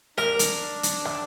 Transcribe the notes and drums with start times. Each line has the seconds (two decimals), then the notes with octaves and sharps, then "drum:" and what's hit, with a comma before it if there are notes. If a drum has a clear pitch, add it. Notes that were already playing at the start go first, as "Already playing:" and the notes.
0.18 D4 A#4, drum: rim click
0.39 drum: hi-hat
0.83 drum: hi-hat
1.05 drum: rim click